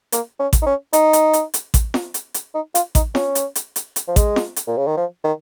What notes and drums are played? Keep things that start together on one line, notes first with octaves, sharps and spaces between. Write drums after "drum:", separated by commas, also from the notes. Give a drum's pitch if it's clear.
A#3, drum: hi-hat
C#4
drum: kick A1, hi-hat
D#4
C#4
D#4, drum: hi-hat
drum: hi-hat
drum: hi-hat
drum: hi-hat
drum: kick A1, hi-hat
drum: snare
drum: hi-hat
drum: hi-hat
D#4
F4, drum: hi-hat
D#4, drum: kick A1, hi-hat
C#4, drum: snare
drum: hi-hat
drum: hi-hat
drum: hi-hat
drum: hi-hat
F3
G#3, drum: kick A1, hi-hat
drum: snare
drum: hi-hat
A#2
C#3
D#3
F3
D#3